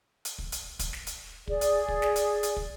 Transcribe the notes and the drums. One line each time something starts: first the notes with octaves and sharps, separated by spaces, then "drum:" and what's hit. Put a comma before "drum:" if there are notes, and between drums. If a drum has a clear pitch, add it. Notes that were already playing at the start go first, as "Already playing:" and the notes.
drum: hi-hat
drum: kick
drum: hi-hat
drum: kick, hi-hat
drum: snare
drum: hi-hat
G#4 D5, drum: kick
drum: hi-hat
drum: kick
drum: snare
drum: hi-hat
drum: hi-hat
drum: kick